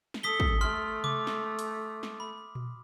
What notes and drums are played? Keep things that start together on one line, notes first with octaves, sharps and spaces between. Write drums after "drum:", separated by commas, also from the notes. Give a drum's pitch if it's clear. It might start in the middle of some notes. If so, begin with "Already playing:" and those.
drum: snare
A4 D#6 B6 G7
drum: kick
A3 C6 F6
D6, drum: tom C3
drum: snare
drum: hi-hat
drum: snare
B5
drum: tom A#2